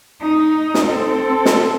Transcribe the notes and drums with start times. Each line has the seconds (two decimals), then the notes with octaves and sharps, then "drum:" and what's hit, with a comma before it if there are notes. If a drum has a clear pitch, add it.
0.21 D#4
0.74 drum: snare
0.87 C4 A4
1.45 drum: snare